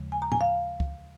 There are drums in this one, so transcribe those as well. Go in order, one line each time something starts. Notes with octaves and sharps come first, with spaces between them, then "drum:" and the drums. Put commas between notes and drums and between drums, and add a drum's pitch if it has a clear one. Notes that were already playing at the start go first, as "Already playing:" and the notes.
Already playing: D#2 C#3 F3 G#3
G#5
A#5
G#5, drum: tom A2
F5
drum: kick C#2